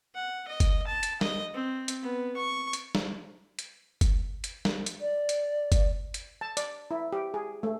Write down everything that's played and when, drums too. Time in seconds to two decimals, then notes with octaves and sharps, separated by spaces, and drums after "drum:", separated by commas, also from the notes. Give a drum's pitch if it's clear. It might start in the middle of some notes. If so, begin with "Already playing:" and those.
0.15 F#5
0.48 D#5
0.60 drum: kick, hi-hat
0.87 A5
1.03 drum: hi-hat
1.21 D#5, drum: snare
1.54 C4
1.88 drum: hi-hat
2.03 B3
2.37 C#6
2.73 drum: hi-hat
2.95 drum: snare
3.59 drum: hi-hat
4.01 drum: kick, hi-hat
4.44 drum: hi-hat
4.65 drum: snare
4.86 drum: hi-hat
5.01 D5
5.29 drum: hi-hat
5.72 drum: kick, hi-hat
6.14 drum: hi-hat
6.41 A5
6.57 D5, drum: hi-hat
6.91 E4
7.13 G4
7.34 G#4
7.63 A3